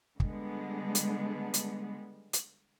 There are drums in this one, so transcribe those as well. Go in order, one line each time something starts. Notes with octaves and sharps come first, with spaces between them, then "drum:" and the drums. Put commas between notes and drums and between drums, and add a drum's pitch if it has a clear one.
D3 G3 G#3 B3, drum: kick
drum: hi-hat
drum: hi-hat
drum: hi-hat